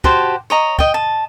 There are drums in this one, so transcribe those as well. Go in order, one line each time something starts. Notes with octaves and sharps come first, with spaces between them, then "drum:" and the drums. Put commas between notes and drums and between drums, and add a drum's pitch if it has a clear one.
F#4 G4 C5 A5, drum: kick
C#5 D#5 A#5
D#5 G5, drum: kick
D#5 A5